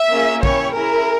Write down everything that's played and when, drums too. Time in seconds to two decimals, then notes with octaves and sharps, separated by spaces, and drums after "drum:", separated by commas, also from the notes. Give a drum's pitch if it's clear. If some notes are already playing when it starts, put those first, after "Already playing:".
Already playing: E5
0.12 A#3 C#4 F4 G#4
0.43 C#4 E4 G4 C#5, drum: kick
0.75 C#4 E4 G#4 A#4